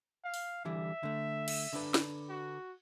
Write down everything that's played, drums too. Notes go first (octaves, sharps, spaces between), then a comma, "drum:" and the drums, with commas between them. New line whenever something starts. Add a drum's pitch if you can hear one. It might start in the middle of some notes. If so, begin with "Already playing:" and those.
F5
drum: open hi-hat
D3 E3 G3 E5
D3 A3
drum: cymbal
D3 D4 B4
drum: snare
F#4